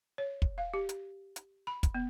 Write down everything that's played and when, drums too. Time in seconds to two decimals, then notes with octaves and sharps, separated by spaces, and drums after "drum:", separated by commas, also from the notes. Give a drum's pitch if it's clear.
0.18 C#5
0.42 drum: kick
0.58 F5
0.74 G4
0.89 drum: hi-hat
1.36 drum: hi-hat
1.67 B5
1.83 drum: kick, hi-hat
1.95 B3